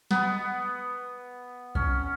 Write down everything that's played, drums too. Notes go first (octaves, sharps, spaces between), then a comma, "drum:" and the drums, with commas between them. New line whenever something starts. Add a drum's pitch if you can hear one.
B3, drum: snare
C#4, drum: kick B1